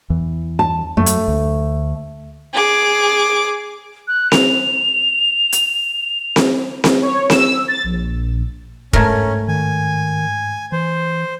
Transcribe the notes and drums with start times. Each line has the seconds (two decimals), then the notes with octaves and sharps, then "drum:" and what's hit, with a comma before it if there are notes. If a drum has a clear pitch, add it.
0.10 E2 E3
0.59 A5
0.97 F#2 F#3 A3
1.06 drum: hi-hat
1.28 D2
2.54 G#4 D6
4.08 F#6
4.32 F7, drum: snare C4
5.53 drum: hi-hat
6.36 drum: snare C4
6.84 drum: snare C4
7.02 C#5
7.30 E6, drum: snare C4
7.68 A6
7.84 A#1
8.93 G#2 A3 C#4 A#4 G#6, drum: kick
9.48 D#3 G#5
10.72 E3 C5